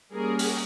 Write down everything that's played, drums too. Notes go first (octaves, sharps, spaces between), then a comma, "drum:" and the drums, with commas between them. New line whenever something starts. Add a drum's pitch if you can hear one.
G3 A#3 C#4 G#4 A#4
drum: open hi-hat